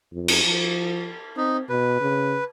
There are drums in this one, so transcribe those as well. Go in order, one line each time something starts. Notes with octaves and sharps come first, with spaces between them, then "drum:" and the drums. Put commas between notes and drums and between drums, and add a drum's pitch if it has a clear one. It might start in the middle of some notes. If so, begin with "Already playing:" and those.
F2
drum: cymbal
F3
C4 D#4
B2 B4
C#3